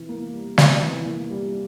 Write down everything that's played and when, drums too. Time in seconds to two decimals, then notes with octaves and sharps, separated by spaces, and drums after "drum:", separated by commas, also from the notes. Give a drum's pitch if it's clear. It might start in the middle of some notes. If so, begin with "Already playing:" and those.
Already playing: C3 E3
0.09 A#3
0.33 G3
0.58 C3, drum: snare
0.82 E3
1.06 A#3
1.30 G3